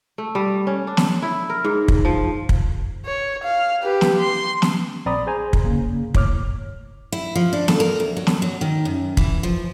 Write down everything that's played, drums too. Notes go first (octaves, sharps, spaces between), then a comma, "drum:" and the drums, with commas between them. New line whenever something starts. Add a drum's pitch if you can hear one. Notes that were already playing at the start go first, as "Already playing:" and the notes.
A3
G3
C#4
D4
drum: snare
E4
A#4
G#2
drum: kick
F3
drum: kick
C#5
F5
G4 B4
drum: snare
C6
drum: snare
A#1 C4 D5 A#5 B5 D#6
G#4 C5 G#5 A#5
drum: kick
C#3 A#3
A2 C#5 D6 F6, drum: kick
E4
F3
D4
A4, drum: snare
A#4
D2
F#3
drum: snare
F#3
D#3
F#2
E3, drum: kick
F3